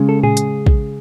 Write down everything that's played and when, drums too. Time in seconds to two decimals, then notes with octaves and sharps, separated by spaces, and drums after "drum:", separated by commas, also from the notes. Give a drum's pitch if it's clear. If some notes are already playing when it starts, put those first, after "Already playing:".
Already playing: C#3 G#3 C#4
0.09 A4
0.23 G#4, drum: tom A2
0.37 drum: hi-hat
0.66 drum: kick